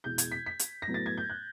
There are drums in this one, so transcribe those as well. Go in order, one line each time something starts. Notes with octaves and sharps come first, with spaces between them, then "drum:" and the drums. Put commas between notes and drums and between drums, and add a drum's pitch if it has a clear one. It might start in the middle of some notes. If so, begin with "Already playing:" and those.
E2 B2 G#3 G6
G#6, drum: hi-hat
B6
B6
drum: hi-hat
A#6
A2 F#3 B3
A6
G#6
G6
F#6